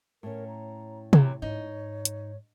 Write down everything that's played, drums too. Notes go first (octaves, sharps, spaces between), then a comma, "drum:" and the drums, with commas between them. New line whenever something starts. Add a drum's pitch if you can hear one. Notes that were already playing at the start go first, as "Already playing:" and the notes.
A2 C#4 A#4
A#5
C3 E3 F#3 C#5, drum: tom C3
G#2 D#4 C#5
drum: hi-hat